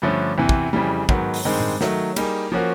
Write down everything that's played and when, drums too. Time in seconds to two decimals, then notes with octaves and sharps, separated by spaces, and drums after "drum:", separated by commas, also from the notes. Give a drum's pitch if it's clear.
0.02 G2 D3 F3 A3 C#4
0.38 E2 C3 E3
0.49 drum: kick
0.73 F2 C#3 E3 G3
1.09 G#2 D#3 F#3 B3, drum: kick
1.34 drum: open hi-hat
1.45 G2 D#3 G#3 C4
1.60 drum: tom A2
1.81 D#3 F#3 A3, drum: snare
2.16 G3 A#3 D#4 G#4, drum: cymbal
2.52 F3 A#3 C#4 F#4